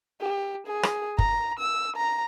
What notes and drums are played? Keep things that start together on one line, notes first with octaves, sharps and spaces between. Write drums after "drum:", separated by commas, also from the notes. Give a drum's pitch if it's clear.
G4
G#4
drum: rim click
A#5, drum: kick F#1
E6
A#5